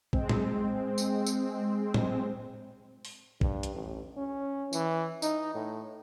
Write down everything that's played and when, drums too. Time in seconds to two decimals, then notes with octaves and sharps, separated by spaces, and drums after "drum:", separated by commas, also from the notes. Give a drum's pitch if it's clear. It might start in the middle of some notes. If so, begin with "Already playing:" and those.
0.13 G#3 C4, drum: kick A#1
0.29 drum: tom
0.98 drum: tambourine
1.26 drum: tambourine
1.94 drum: tom
3.05 drum: open hi-hat
3.41 G2, drum: kick A#1
3.63 drum: hi-hat
3.74 A1
4.17 C#4
4.73 E3, drum: tambourine
5.22 D#4, drum: tambourine
5.55 A2